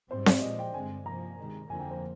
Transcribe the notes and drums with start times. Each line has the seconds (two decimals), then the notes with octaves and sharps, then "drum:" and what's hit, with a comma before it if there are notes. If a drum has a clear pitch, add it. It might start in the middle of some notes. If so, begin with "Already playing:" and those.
0.11 G#2 G3 C4 C5
0.26 D5, drum: snare C4
0.42 A#2 F3 G#3 D#5
0.59 G5
0.74 G2 D3 G#3 C4 G#5
1.06 C3 F3 A#3 A#5
1.38 C3 D#3 G#3
1.69 F2 D3 F3 A#3 G#5
1.80 G5
1.90 C5